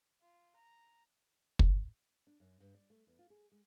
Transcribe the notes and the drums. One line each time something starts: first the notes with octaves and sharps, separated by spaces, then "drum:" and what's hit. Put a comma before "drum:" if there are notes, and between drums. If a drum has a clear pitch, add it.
F4
A#5
drum: kick
D4
F#2
G2
D5
A3
E2
F4
G#4
G#3